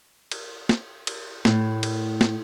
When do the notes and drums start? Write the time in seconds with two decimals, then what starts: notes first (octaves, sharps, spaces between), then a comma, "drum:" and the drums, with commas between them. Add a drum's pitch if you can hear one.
0.32 drum: cymbal
0.69 drum: snare
1.07 drum: cymbal
1.45 A2, drum: snare
1.83 drum: cymbal
2.21 drum: snare